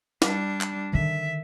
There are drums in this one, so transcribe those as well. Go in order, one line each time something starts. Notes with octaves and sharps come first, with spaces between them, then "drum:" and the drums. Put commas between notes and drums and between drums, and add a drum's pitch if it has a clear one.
G3 D4, drum: snare
drum: clap
D3 D#3 E5